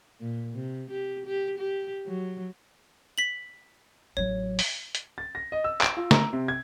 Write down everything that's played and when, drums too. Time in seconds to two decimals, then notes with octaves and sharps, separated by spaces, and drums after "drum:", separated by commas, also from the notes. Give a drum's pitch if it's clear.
0.21 A#2
0.54 C3
0.91 G4
1.26 G4
1.58 G4
2.06 F#3
3.18 B6 F#7
4.17 A1 F#3 C#5
4.59 drum: open hi-hat
4.95 drum: hi-hat
5.18 A6
5.35 A#6
5.52 D#5
5.64 E6
5.81 D7, drum: clap
5.97 F4
6.11 A#5, drum: snare
6.33 C3
6.48 G#6